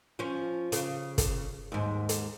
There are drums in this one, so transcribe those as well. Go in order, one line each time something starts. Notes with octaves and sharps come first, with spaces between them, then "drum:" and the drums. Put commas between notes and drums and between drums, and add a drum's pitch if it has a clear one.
F3 C#4
C#3, drum: hi-hat
drum: kick, hi-hat
D#2 G#2
drum: hi-hat